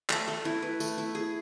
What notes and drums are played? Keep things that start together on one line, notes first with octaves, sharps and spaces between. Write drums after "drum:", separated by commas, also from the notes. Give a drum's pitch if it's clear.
A3, drum: clap
A3
E4
B4
A3, drum: tambourine
E4
G#4